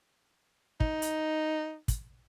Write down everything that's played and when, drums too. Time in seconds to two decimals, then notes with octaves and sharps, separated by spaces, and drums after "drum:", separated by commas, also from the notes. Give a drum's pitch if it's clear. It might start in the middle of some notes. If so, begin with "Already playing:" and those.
0.80 D#4, drum: kick
1.02 drum: hi-hat
1.88 drum: kick, hi-hat